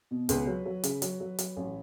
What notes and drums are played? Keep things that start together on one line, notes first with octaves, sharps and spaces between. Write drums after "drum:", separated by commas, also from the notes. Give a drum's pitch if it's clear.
B2
C#2 B4, drum: hi-hat
F#3
F#3
C#3, drum: hi-hat
F#3, drum: hi-hat
F#3
F#3, drum: hi-hat
A1